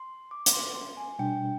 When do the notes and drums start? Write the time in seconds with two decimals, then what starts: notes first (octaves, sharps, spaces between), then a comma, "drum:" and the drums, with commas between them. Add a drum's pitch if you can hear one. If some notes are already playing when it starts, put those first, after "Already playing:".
Already playing: C6
0.31 D6
0.46 D6, drum: hi-hat
0.53 C6
0.75 C6
0.97 G#5
1.19 B2 G3 D4 G5